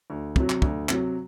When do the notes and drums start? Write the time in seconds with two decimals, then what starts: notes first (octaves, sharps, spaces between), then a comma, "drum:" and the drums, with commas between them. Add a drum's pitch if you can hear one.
0.10 D2
0.36 C3 F#3, drum: kick
0.50 drum: clap
0.62 D2, drum: kick
0.89 C3 F#3, drum: clap